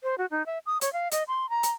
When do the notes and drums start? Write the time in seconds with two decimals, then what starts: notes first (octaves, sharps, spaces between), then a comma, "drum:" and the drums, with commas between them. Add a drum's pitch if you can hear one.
0.03 C5
0.18 F#4
0.31 D#4
0.46 E5
0.66 D#6
0.81 C#5, drum: hi-hat
0.93 F5
1.11 D#5, drum: hi-hat
1.28 C6
1.49 A#5
1.63 drum: hi-hat